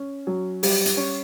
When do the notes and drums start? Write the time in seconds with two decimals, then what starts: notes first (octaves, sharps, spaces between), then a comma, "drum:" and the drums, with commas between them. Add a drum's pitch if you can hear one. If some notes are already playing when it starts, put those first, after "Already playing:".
Already playing: C#4
0.27 F#3
0.63 G3, drum: open hi-hat
0.86 drum: hi-hat
0.97 C#4